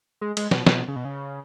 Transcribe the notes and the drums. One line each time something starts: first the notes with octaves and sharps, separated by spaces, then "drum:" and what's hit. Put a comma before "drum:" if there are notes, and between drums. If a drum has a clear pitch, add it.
G#3
G#3, drum: cymbal
B2, drum: snare
B2, drum: snare
C#3
B2
C#3